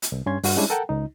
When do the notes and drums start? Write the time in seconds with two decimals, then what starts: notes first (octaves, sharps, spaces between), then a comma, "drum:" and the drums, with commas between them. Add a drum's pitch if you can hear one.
0.02 drum: hi-hat
0.12 C2
0.26 G2 C#4 C6 G#6
0.44 G2 F#4 F#5, drum: open hi-hat
0.57 G3 G#3 C#4 D4 E4
0.70 A4 A#4 F#5 G5 A5
0.89 C#2 D#4